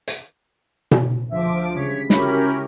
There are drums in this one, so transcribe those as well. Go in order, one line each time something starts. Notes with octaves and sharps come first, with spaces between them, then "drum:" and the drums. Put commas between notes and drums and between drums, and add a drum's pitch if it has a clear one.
drum: hi-hat
drum: tom B2
D2 F3 E5 D6
C#3 G3 G#3 C#5 B6
C#4 E4 F#4 G4 A#4 C#5 B5, drum: snare